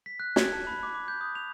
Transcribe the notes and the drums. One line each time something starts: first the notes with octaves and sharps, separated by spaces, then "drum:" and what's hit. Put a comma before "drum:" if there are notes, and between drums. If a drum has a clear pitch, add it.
B6
F#6
G#6, drum: snare
A5
B5
D6
D6
G6
D#6
F7